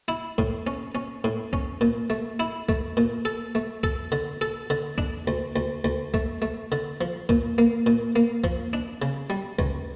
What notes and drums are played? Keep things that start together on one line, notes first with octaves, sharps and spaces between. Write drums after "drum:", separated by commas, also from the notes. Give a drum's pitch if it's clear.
E4
A2, drum: kick C2
C#4
C#4
A2
C#4, drum: kick C2
A#2
A3
E4
A3, drum: kick C2
A#2
A4
A3
A4, drum: kick C2
D3
A4
D3
D4, drum: kick C2
D2
D2
D2
A3, drum: kick C2
A3
D3
F3
A#2, drum: kick C2
A#3
A#2
A#3
F3, drum: kick C2
D4
C#3
G3
C#2, drum: kick C2